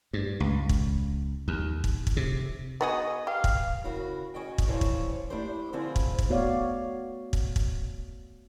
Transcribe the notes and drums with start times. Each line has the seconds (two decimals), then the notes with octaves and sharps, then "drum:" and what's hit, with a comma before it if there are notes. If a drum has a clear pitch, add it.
0.13 G2
0.40 C#2
0.69 drum: kick
1.48 D#2
1.84 drum: kick
2.07 drum: kick
2.17 C3
2.81 B3 F#4 G#4 D#5
3.27 G4 F5
3.44 drum: kick
3.84 C#3 E4 F#4 A#4
4.34 C#4 D#4 F#4 G#4 D#5 G5
4.58 drum: kick
4.68 C#3 E3 F3 G3 C5 C#5
4.81 drum: kick
5.30 A3 D4 E4 G4 C5
5.73 D3 F3 C4 E4 F4 G#4
5.96 drum: kick
6.19 drum: kick
6.29 A3 B3 F#4 C#5 D5 F5
7.33 drum: kick
7.56 drum: kick